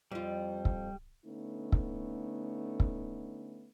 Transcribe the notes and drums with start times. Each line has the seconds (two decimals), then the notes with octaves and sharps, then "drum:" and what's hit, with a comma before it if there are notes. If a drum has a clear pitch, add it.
0.12 F2 G3 F4
0.65 drum: kick
1.25 D3 A3 B3 C#4 D#4
1.72 drum: kick
2.80 drum: kick